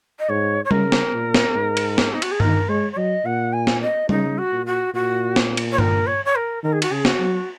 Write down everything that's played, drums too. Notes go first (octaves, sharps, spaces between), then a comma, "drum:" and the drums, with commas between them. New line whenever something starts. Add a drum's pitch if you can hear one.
D#5
G#2 C#5
C#5
C#3 A#4, drum: tom G3
drum: snare
A#2
drum: snare
G#2
drum: cymbal
drum: snare
D#4
F#4, drum: cymbal
G#4
D#3 A#4, drum: tom G2
G#3 C#5
C#5
F#3 D#5
A#2 F#5
G#5
drum: snare
D#5
C#3 D#4, drum: tom G3
F#4
A#2
F#4
A#2 F#4
drum: snare
drum: cymbal
C#5
A#4, drum: tom G2
C#5
C#5
A#4
D#3 A#4
G#4
F#4, drum: cymbal
C#3 G#4
F#4, drum: snare
F#3